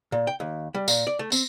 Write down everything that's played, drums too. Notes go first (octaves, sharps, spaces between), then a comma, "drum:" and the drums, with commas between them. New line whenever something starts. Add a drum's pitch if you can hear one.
A#2
G5
D#2
G3
A#2, drum: tambourine
D5
A3
C4, drum: tambourine